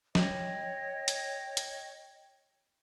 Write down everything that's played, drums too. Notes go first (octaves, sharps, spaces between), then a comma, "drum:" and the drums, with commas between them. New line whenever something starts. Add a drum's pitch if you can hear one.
C#5 D#5 G5, drum: snare
drum: hi-hat
drum: hi-hat